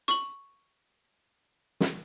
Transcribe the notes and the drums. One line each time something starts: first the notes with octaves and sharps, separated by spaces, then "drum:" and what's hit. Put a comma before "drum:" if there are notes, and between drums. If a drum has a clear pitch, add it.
C#6 F#7, drum: hi-hat
drum: snare